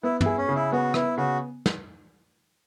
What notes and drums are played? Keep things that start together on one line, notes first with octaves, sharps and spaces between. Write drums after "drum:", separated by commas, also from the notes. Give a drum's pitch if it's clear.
B3 E4
E4, drum: tom
G#4
C#4
C#3
E4
B3 F#4
B3 E4, drum: rim click
C#3 F#4
drum: snare